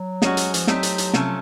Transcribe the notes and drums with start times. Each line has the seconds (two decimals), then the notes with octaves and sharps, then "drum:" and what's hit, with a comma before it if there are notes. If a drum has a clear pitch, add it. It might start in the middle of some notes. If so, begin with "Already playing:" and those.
Already playing: F#3
0.22 G#3 C#4 F#4, drum: snare
0.37 drum: hi-hat
0.54 F3, drum: hi-hat
0.67 F#3 A3 C4 D#4 G4, drum: snare
0.83 drum: hi-hat
0.98 drum: hi-hat
1.13 C3 F3 A3 C#4, drum: snare